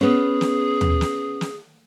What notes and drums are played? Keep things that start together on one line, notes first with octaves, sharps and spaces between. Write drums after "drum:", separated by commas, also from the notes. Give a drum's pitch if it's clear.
B3 C#4 G#4
drum: snare
drum: tom
drum: snare
drum: snare